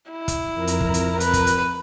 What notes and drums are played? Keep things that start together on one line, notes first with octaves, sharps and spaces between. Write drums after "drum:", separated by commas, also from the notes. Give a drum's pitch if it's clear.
E4
drum: kick, hi-hat
F2 A#4 A#5
drum: hi-hat
drum: kick
drum: hi-hat
B4, drum: hi-hat
drum: kick, hi-hat
drum: hi-hat